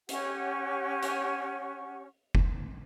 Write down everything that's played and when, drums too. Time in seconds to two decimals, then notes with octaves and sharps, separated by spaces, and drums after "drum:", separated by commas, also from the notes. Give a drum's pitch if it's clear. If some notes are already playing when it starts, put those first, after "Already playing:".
0.09 C#4 G4 F#5 C#6, drum: hi-hat
1.03 drum: hi-hat
2.35 drum: kick F1